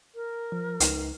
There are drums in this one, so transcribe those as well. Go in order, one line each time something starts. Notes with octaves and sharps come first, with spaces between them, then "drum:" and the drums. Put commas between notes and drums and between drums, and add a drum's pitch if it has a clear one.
A#4
F3
C#2 D#4, drum: hi-hat